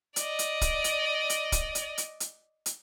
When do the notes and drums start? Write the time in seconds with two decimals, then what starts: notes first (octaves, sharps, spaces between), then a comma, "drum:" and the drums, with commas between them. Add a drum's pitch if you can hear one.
0.16 D5 D#5, drum: hi-hat
0.39 drum: hi-hat
0.61 drum: kick, hi-hat
0.84 drum: hi-hat
1.30 drum: hi-hat
1.52 drum: kick, hi-hat
1.75 drum: hi-hat
1.98 drum: hi-hat
2.20 drum: hi-hat
2.66 drum: hi-hat